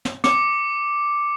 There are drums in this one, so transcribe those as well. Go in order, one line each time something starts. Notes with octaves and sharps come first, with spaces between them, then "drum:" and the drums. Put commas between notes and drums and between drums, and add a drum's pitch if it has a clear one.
drum: snare
D6 C#7, drum: snare